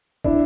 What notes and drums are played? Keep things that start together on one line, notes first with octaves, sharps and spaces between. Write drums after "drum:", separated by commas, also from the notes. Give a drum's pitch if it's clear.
D4 E4, drum: kick